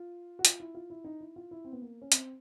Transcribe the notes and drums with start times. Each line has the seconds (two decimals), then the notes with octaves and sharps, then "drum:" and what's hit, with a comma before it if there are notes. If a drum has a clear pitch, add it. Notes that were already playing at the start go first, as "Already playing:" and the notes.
Already playing: F4
0.39 F#4
0.45 F4, drum: hi-hat
0.60 E4
0.75 F4
0.90 E4
1.04 D#4
1.20 E4
1.36 F4
1.51 E4
1.65 C4
1.72 B3
1.82 A#3
2.02 C#4
2.12 C4, drum: hi-hat